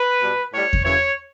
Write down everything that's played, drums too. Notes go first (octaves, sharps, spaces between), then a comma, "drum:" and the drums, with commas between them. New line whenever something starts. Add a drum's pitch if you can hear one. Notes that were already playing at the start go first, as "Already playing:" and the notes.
Already playing: B4
B2 G3
A2 G3 C#5
drum: kick E2
F#2 C#3 E3 C#5